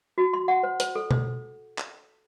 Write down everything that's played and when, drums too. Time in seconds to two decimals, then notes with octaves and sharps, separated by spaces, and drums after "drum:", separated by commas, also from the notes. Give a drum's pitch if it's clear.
0.18 F#4
0.33 C6
0.48 F#5
0.63 C5
0.80 C5, drum: hi-hat
0.96 A4
1.11 C5, drum: tom B2
1.78 drum: clap